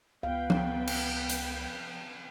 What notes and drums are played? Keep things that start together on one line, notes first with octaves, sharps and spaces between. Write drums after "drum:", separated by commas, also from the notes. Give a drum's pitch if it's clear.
C#2 B3 B4 F5 G5
drum: tom F3
drum: cymbal
drum: hi-hat